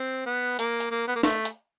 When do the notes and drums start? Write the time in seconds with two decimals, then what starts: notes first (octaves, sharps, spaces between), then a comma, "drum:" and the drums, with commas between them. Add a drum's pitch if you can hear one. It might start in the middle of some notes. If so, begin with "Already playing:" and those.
Already playing: C4
0.26 B3
0.59 A#3, drum: hi-hat
0.80 drum: hi-hat
0.91 A#3
1.08 B3
1.15 A#3
1.23 A3, drum: snare
1.45 drum: hi-hat